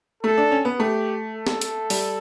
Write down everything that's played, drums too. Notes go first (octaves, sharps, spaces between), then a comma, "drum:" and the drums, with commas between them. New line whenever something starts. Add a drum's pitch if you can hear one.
A3 A4
D4
C#4
B3
A3 G4
A4
drum: snare
drum: hi-hat
G3, drum: open hi-hat